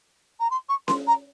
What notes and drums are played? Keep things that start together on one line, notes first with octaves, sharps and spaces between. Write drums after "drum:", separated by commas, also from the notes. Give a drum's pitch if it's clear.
A#5
C6
C#6
C6, drum: snare C#4
A#5